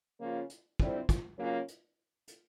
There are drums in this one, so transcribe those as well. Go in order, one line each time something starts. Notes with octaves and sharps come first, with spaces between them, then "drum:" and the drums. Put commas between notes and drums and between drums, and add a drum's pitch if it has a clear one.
C#3 F3 A#3 C#4 F4
drum: hi-hat
F2 D3 G3 C4 E4, drum: kick
drum: kick, hi-hat
C#3 F#3 A#3 C#4 F4
drum: hi-hat
drum: hi-hat